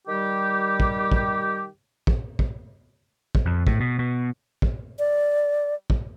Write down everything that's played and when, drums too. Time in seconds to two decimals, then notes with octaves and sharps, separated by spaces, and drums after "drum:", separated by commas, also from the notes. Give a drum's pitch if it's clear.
0.08 D#3 G3 G4
0.80 drum: kick
1.12 drum: kick
2.07 drum: kick
2.39 drum: kick
3.35 drum: kick
3.46 F2
3.67 A2, drum: kick
3.80 B2
3.99 B2
4.62 drum: kick
4.99 D5
5.90 drum: kick